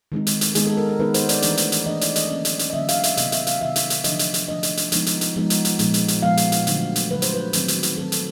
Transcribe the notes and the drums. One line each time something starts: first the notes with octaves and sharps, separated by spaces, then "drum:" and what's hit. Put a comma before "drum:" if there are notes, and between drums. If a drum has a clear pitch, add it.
D#3 G#3 C4 D#4
drum: hi-hat
drum: hi-hat
D#3 G#3 B3 D#4 G#4, drum: hi-hat
A4
A#4
A#4
D#3 G#3 B3 D#4 B4
C5, drum: hi-hat
D5, drum: hi-hat
E3 A3 D4, drum: hi-hat
drum: hi-hat
drum: hi-hat
E3 A3 D4 D#5
D5, drum: hi-hat
D#5, drum: hi-hat
D3 F#3 A#3 C#4
drum: hi-hat
drum: hi-hat
D#5
D3 F#3 A#3 C#4 E5
F5, drum: hi-hat
E5, drum: hi-hat
C3 D#3 F#3 B3 D#5, drum: hi-hat
E5, drum: hi-hat
F5, drum: hi-hat
C3 D#3 F#3 B3 E5
drum: hi-hat
drum: hi-hat
D3 F3 A3 D4 D#5, drum: hi-hat
drum: hi-hat
drum: hi-hat
D3 F3 A3 D4 D#5
drum: hi-hat
drum: hi-hat
F3 G#3 B3 D#4, drum: hi-hat
drum: hi-hat
drum: hi-hat
F3 G#3 B3 D#4
drum: hi-hat
drum: hi-hat
A#2 F3 G#3 B3, drum: hi-hat
drum: hi-hat
drum: hi-hat
A#2 F3 G#3 B3 F5
drum: hi-hat
drum: hi-hat
D3 F#3 A3, drum: hi-hat
drum: hi-hat
D3 F#3 A3 B4
C5, drum: hi-hat
B4
D#3 F#3 A3 C4, drum: hi-hat
drum: hi-hat
drum: hi-hat
D#3 F#3 A3 C4 A4
drum: hi-hat